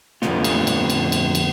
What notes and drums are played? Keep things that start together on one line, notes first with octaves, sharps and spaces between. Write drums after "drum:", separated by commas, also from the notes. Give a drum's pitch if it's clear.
F2 D3 E3 A3 B3 F4, drum: snare
drum: cymbal
drum: cymbal
drum: cymbal
drum: cymbal
drum: cymbal